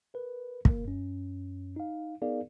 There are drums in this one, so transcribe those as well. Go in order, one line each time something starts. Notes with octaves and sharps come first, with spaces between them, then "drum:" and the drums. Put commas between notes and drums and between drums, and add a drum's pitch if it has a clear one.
A#4 B4
A#3 A#4, drum: kick
F#2 C#4
D#4 F5
B3 D#4 G#4 A#4 D5 F5